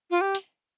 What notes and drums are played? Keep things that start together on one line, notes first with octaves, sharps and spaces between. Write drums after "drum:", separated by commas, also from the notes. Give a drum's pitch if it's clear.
F4
G4
drum: hi-hat